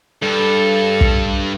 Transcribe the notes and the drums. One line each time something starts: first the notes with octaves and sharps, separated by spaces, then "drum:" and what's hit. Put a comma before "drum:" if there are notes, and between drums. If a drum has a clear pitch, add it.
G2 A4
drum: kick